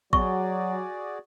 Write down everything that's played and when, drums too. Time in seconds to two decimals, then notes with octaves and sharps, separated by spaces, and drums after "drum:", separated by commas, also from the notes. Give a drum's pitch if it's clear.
0.13 F#3 F#4 G#4 D5 C#6, drum: kick